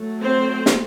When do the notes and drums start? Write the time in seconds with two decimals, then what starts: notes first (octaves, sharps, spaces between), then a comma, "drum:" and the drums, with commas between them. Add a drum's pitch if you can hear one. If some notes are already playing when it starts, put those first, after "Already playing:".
Already playing: F#3 A3
0.20 C4 C5
0.66 drum: snare